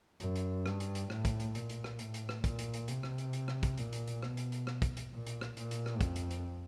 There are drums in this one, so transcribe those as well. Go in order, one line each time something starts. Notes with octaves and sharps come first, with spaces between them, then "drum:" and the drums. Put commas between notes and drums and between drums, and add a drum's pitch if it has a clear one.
F#2, drum: hi-hat
drum: hi-hat
G2, drum: rim click
drum: hi-hat
drum: hi-hat
A2, drum: rim click
drum: kick, hi-hat
drum: hi-hat
A#2, drum: hi-hat
drum: hi-hat
drum: rim click
A2, drum: hi-hat
drum: hi-hat
drum: rim click
A#2, drum: kick, hi-hat
drum: hi-hat
drum: hi-hat
C3, drum: hi-hat
drum: rim click
drum: hi-hat
drum: hi-hat
drum: rim click
drum: kick, hi-hat
A#2, drum: hi-hat
drum: hi-hat
drum: hi-hat
B2, drum: rim click
drum: hi-hat
drum: hi-hat
drum: rim click
drum: kick, hi-hat
drum: hi-hat
A#2
drum: hi-hat
drum: rim click
A#2, drum: hi-hat
drum: hi-hat
drum: rim click
F2, drum: kick, hi-hat
drum: hi-hat
drum: hi-hat